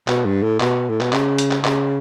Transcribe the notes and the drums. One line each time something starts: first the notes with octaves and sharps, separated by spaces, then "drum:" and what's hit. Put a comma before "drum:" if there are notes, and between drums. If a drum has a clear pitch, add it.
B2, drum: clap
G2
A2
B2, drum: clap
A2
B2, drum: clap
C#3, drum: clap
drum: hi-hat
drum: clap
C#3, drum: clap